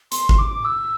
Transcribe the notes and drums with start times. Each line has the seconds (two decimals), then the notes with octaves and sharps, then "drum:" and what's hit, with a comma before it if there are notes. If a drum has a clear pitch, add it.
0.12 C6, drum: hi-hat
0.29 drum: kick G#1
0.39 D6
0.65 E6